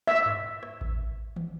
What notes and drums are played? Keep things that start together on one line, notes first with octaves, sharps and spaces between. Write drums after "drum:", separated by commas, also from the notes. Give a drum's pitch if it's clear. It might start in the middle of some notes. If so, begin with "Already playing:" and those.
E5
drum: tom G2
drum: rim click
drum: kick A1
drum: tom D#3